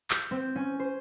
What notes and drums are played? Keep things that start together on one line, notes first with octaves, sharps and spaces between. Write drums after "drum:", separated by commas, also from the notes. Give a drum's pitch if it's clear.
G6, drum: clap
C4
C#4
C5